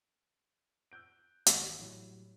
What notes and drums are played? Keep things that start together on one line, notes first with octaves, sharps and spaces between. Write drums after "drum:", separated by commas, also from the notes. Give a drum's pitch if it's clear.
E6 F#6 G6 D7
G#1 E3, drum: hi-hat
A2 F#3 G3